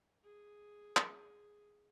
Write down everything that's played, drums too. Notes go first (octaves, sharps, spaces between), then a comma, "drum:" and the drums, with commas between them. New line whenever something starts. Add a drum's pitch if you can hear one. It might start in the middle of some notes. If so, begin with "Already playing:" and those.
G#4
drum: clap